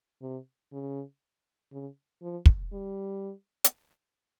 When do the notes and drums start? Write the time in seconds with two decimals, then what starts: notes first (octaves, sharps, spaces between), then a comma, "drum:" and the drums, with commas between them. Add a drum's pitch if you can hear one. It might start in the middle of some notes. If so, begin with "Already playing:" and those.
0.22 C3
0.72 C#3
1.72 C#3
2.22 F3
2.46 drum: kick
2.73 G3
3.64 drum: hi-hat